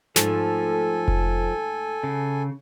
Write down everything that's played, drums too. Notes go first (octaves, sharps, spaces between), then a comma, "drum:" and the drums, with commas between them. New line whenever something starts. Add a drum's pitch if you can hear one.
G#2 F3 A3 A4 C5 G#5, drum: snare
drum: kick F1
C#3